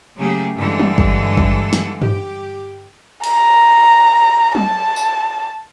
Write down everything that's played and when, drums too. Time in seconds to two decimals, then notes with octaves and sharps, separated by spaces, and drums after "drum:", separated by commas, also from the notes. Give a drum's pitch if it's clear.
0.17 C#3 F#3 A3 A#3 G4 G#4
0.56 G2 D3 E3 G#3 A4
0.79 drum: tom
0.98 drum: kick
1.37 drum: kick
1.73 drum: snare
2.02 G4, drum: tom G2
3.24 A#5, drum: cymbal
4.55 A5, drum: tom
4.96 drum: tambourine